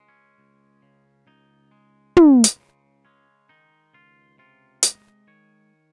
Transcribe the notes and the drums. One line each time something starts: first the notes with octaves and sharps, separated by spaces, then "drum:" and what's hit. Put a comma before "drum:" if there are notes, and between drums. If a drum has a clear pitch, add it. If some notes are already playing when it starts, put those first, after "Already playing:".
Already playing: C#2 G#3
C#4
C#2
C#3
C#2 D#4
G#3
C#2, drum: tom
drum: hi-hat
C#3
G#3 C#4
D#3 D#4
C#2 F4
C3 F4
G#3 D#5, drum: hi-hat
D#3 C#5